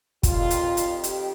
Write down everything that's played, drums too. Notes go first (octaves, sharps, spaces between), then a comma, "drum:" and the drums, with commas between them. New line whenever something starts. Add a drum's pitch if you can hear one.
F2 D#3 G3 F4, drum: kick, hi-hat
drum: hi-hat
drum: hi-hat
G4, drum: hi-hat